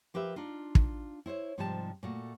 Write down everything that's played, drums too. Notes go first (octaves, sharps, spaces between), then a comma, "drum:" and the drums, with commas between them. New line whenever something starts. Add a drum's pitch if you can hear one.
F3 G4 A#4 B4 E5
D4 D#4 F4
drum: kick
E4 C5 C#5 E5
G#2 C3 F3 G3 A4 A5
A#2 A3 F#4